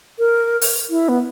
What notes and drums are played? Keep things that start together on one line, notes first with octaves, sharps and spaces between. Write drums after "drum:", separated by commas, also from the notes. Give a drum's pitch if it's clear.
A#4
drum: open hi-hat
E4
B3